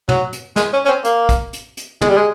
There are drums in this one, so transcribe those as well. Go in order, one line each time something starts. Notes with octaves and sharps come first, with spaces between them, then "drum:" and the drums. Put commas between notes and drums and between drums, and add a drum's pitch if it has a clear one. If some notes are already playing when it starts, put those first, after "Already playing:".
F#3, drum: tom
drum: hi-hat
G#3, drum: snare
C#4
C#4
C4
A#3, drum: hi-hat
drum: kick, hi-hat
drum: hi-hat
drum: hi-hat
G#3, drum: tom
G3
G#3